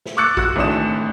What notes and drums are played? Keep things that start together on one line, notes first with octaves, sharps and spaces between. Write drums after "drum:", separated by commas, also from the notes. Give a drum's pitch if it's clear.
drum: snare
C#6 D6 E6 F#6 A6 C#7
F#4 F#6, drum: kick A#1
G#1 A2 E3 D4 D#6 E7